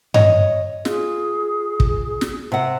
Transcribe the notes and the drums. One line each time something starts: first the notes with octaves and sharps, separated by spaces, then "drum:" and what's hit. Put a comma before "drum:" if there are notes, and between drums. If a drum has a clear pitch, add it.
C#5 D#5, drum: tom G2
F4 G#4, drum: snare
drum: kick
drum: snare
C3 F#5